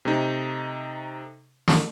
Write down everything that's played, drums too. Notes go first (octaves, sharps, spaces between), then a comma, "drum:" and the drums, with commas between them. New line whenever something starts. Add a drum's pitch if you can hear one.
C3 A3 D#4
drum: snare